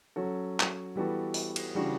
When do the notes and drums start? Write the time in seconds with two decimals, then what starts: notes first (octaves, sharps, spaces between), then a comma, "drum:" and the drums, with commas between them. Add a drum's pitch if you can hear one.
0.16 F#3 C#4 F#4 A4
0.60 drum: clap
0.95 E3 G3 B3 F#4 A4
1.34 drum: open hi-hat
1.56 drum: cymbal
1.75 C#3 E3 G3 D4 F#4